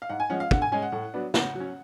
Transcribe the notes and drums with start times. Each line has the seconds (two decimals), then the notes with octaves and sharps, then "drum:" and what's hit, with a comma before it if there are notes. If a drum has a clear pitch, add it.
0.02 F5
0.10 G#2 F#5
0.20 G#5
0.30 F3 G#3 C#4 F#5
0.40 F5
0.51 D3 F#5, drum: kick
0.62 G#5
0.72 G#3 C#4 G#5
0.82 F#5
0.92 A2
1.14 F#3 B3 D4
1.34 C#3 F#5, drum: snare
1.55 F#3 C#4